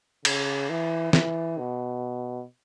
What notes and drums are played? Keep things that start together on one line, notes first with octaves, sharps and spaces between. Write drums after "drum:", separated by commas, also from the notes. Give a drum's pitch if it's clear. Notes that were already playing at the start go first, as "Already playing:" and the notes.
C#3, drum: cymbal
E3
E3, drum: snare
B2